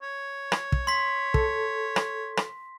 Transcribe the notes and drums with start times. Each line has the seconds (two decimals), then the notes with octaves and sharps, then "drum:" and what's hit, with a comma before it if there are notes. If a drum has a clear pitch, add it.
0.03 C#5
0.52 drum: rim click
0.72 drum: kick
0.87 C6 B6
1.34 A4, drum: kick
1.96 drum: rim click
2.37 drum: rim click